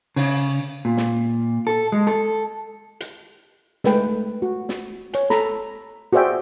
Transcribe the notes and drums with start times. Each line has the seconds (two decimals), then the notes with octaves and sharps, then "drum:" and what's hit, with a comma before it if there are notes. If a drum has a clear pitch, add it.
0.16 C#3, drum: open hi-hat
0.85 A#2
0.97 drum: snare
1.67 A4
1.92 G#3
2.07 A4
3.00 drum: hi-hat
3.84 G#3 A3 B4 G5, drum: snare
4.42 F#4
4.69 drum: snare
5.13 C#5 G#5, drum: hi-hat
5.30 A4 A#5 B5, drum: snare
6.13 F#4 G#4 C5 D5 E5 G5